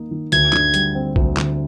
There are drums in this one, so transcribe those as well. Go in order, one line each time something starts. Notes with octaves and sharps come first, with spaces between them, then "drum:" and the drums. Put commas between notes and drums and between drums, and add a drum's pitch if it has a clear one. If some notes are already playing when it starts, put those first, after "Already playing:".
Already playing: D#3 A#3 D#4
D#3
D2 G#6, drum: hi-hat
D3, drum: clap
G3, drum: hi-hat
C4
D2, drum: kick A#1
D3, drum: clap